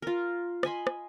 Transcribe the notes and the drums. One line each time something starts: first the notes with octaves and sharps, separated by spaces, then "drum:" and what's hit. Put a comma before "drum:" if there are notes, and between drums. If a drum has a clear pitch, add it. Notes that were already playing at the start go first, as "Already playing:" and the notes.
F4 A#4
D#5 G#5 B5 C6, drum: rim click
drum: rim click